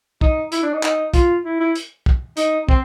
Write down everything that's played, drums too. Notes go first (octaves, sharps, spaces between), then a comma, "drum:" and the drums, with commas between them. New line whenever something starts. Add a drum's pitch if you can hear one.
D#4, drum: kick
E4, drum: hi-hat
D4
D#4
D#4, drum: clap
F4, drum: kick, hi-hat
E4
E4
drum: hi-hat
drum: kick
D#4, drum: hi-hat
C4, drum: kick